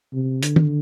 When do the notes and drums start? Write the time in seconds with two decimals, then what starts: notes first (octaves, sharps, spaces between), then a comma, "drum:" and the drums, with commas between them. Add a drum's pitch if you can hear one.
0.13 C3
0.43 D3, drum: hi-hat
0.56 drum: tom